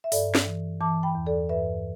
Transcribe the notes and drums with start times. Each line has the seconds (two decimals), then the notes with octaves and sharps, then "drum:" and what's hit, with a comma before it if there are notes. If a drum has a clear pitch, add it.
0.04 E5
0.12 G2 A4 D5, drum: open hi-hat
0.35 drum: snare
0.46 E3
0.80 E3 A5 D6
1.03 G5 B5
1.15 E2
1.26 A4 D5
1.49 G2 B4 E5